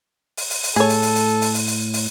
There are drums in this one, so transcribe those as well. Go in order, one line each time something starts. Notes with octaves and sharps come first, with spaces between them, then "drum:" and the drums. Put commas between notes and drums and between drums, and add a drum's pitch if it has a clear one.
drum: open hi-hat
drum: open hi-hat
drum: open hi-hat
A2 G#4 A4 C#5
drum: open hi-hat
drum: open hi-hat
drum: open hi-hat
drum: open hi-hat
drum: open hi-hat
drum: open hi-hat
drum: open hi-hat